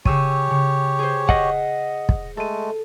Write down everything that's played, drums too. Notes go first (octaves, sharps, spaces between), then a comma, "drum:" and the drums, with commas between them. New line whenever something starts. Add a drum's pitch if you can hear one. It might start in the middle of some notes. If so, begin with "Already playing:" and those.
C#3 G4 C#5 E6 D#7, drum: kick
C#3
G#4 C5
D#5 F#5, drum: kick
drum: kick
G#3 A3 A4 D#7